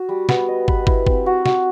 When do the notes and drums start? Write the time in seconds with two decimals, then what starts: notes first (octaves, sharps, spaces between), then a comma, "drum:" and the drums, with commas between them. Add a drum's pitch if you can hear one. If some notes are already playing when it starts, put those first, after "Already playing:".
Already playing: F#4
0.09 G3
0.29 B3, drum: snare
0.48 D#5
0.68 B4, drum: kick
0.87 E4, drum: kick
1.07 C4, drum: kick
1.26 F#4
1.46 F#4, drum: snare